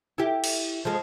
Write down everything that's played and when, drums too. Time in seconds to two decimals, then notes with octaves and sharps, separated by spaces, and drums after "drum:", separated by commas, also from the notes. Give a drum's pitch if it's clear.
0.18 E4 G4
0.44 drum: cymbal
0.85 F3 G#3